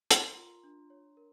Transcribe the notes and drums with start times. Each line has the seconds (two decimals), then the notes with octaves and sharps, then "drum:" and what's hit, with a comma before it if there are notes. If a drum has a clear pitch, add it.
0.11 A#4 A#5 C6, drum: hi-hat
0.37 F4
0.64 D4
0.90 C#5
1.17 A#4